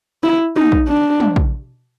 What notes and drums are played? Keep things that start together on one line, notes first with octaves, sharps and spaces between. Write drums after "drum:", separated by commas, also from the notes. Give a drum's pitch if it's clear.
E4
D#4, drum: tom
drum: kick
D4
drum: tom
drum: kick